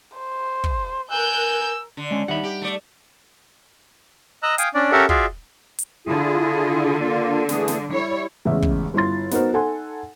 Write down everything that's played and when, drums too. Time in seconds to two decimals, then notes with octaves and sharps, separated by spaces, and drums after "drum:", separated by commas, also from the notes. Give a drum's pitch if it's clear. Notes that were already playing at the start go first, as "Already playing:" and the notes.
0.18 C5
0.64 drum: kick
1.11 A#4 G#5 E6 F#6 G6
1.97 D3
2.11 G#3 C#4
2.28 D#2 G3 D#4 E5 F#5 B5
2.43 G4
2.62 A3 D5
4.43 D#5 A#5 E6 F#6
4.58 F5 G5 G#5 D#6, drum: hi-hat
4.74 C#4 D4 D5
4.92 C#4 G4 A4 A#4 E5 F#5
5.09 F4 F#4 G#4 D5 E5 F5, drum: kick
5.79 drum: hi-hat
6.07 D3 E4 F4 G#4
6.99 A#3 F4
7.49 E3 A3 G#4, drum: snare
7.68 drum: snare
7.92 G3 E4 C#5
8.45 A1 E2 C#3 G#3 E5
8.62 drum: kick
8.94 G1 E4 F4 C6 A6
9.31 B3 D#4 F#4 A#4 C5, drum: snare
9.53 D#4 A4 F#5 G#5 C6